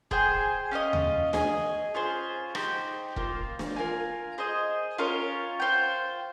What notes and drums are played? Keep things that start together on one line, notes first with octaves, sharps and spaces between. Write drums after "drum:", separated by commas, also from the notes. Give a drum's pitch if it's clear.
G#4 C5 G5, drum: kick E1
C#4 F4 C5 D#5
drum: tom D#2
G#4 D#5 G#5, drum: snare
C#4 F4 G#4 C5
D#4 G4 C5 G5, drum: rim click
A#3 F4 C5, drum: kick E1
drum: snare
F4 A#4 F5 G#5
G#4 C5 D#5
C#4 F4 A#4 C#5
F4 C5 G5